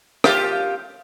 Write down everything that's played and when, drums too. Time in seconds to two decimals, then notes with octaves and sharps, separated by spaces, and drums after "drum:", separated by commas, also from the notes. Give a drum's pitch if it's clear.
0.24 F4 G4 A#4, drum: rim click